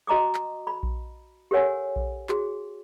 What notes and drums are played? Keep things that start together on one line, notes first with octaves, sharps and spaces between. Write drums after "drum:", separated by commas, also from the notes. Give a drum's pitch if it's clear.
F#4 D#5 A#5 D6 D#6
drum: clap
B5
drum: kick A#1
G4 A4 A#4 C#5 F#5 G#5
drum: kick A#1
F#4 G#4, drum: clap